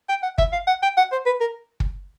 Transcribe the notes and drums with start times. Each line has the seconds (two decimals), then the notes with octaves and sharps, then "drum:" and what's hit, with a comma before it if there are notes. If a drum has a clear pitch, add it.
0.09 G5
0.23 F#5
0.38 E5, drum: kick
0.53 F5
0.67 F#5
0.83 G5
0.97 F#5
1.12 C5
1.26 B4
1.40 A#4
1.80 drum: kick